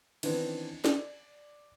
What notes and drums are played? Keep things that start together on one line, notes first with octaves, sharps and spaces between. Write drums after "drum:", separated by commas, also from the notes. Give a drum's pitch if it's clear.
D#3 E3 B3 C4 D4, drum: cymbal
D5, drum: snare